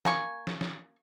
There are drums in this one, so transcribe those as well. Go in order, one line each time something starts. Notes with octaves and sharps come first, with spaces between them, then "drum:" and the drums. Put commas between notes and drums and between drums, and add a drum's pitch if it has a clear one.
A#3 G#5 C#6, drum: snare
drum: snare
drum: snare